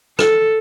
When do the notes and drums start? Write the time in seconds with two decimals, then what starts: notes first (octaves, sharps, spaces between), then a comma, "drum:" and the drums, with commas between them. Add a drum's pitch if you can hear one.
0.19 A4, drum: rim click